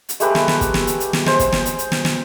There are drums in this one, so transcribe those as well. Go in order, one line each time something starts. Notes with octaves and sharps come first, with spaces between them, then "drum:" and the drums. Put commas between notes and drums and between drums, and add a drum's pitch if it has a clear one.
drum: hi-hat
G#3 A3 G4 B4, drum: hi-hat
drum: snare
drum: snare
drum: kick, hi-hat
drum: snare
drum: hi-hat
drum: hi-hat
drum: snare
G#3 C5, drum: snare
drum: kick, hi-hat
drum: snare
drum: hi-hat
drum: hi-hat
drum: snare
drum: snare